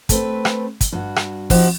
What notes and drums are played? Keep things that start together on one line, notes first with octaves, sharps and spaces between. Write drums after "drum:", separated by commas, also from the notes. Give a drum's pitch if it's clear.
A3 C4 B4, drum: kick, hi-hat
drum: rim click
drum: kick, hi-hat
G2 F#4
drum: rim click
F3 C4 D#4 F#4 G4, drum: kick, open hi-hat